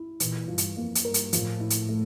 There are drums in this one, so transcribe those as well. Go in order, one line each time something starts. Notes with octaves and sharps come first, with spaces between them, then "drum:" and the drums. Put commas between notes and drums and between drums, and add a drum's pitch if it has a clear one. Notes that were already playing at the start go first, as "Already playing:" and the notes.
Already playing: E4
A#2 E3, drum: hi-hat
G2 F4
drum: hi-hat
F2 A#3
drum: hi-hat
G2 A#4
drum: hi-hat
A2 F3, drum: hi-hat
E4
drum: hi-hat
A3